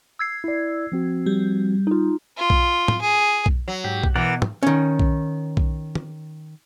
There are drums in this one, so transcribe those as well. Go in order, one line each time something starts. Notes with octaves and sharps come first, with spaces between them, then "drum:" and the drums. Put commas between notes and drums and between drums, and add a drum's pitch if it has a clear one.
E6 G#6 C7
E4 D5
F3 C4 F#4
G3
D#4 F4
F4
drum: kick B1
drum: tom
G#4
drum: kick B1
F#3
G#2 G4
drum: kick B1
B2 E3 A#4 D5 F#5
drum: tom
D#3 C#4
drum: kick B1
drum: kick B1
drum: tom